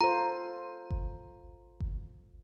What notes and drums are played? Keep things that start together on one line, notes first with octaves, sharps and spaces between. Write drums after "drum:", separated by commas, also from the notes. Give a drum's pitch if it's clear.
F4 A4 C5 A#5
drum: kick G1
drum: kick G1